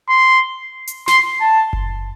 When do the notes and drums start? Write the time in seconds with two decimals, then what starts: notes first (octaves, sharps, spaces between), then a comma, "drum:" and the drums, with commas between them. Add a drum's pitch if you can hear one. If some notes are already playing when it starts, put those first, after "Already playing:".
0.09 C6
0.87 drum: hi-hat
1.08 C6, drum: snare
1.40 A5
1.73 drum: kick F#1